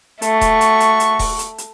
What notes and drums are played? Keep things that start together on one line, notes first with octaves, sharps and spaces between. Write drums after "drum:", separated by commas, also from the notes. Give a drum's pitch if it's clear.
A3 F#4 C#6, drum: hi-hat
drum: kick D#1, hi-hat
drum: hi-hat
drum: hi-hat
drum: hi-hat
drum: kick D#1, open hi-hat
drum: hi-hat
drum: hi-hat